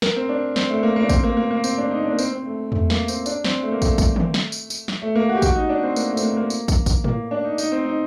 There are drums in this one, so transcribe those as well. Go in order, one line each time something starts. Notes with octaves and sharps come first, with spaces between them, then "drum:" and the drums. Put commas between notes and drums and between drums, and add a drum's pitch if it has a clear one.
A#4, drum: snare
C4
D4
C4, drum: snare
A3
A#3
A#3
D4
C4, drum: kick, tambourine
A#3
A#3
A#3
C4, drum: tambourine
D4
D#4
D4
A#3
C4, drum: tambourine
C4
A3
A3, drum: tom E2
A#3, drum: snare
C4, drum: tambourine
D4, drum: tambourine
C4, drum: snare
A3
A#3
A3, drum: kick, tambourine
drum: kick, tambourine
drum: tom D#3
drum: snare
drum: tambourine
drum: tambourine
drum: snare
A3
A#3
F#4
G4
F#4, drum: kick, tambourine
D#4
D4
C4
A#3, drum: tambourine
A3
C4, drum: tambourine
A#3
A#3
drum: tambourine
drum: kick, tambourine
drum: kick, tambourine
A#3, drum: tom A2
D4
D#4
D#4, drum: tambourine
C4
D#4